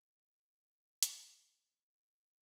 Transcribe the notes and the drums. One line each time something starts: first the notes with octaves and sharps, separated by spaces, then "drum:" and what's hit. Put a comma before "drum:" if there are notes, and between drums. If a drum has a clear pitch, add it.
C#3 G#3 D#4 G4
A#2 C#3 G3 C4, drum: hi-hat
C3
G#2 D#3 G3 C#4 F4 A#4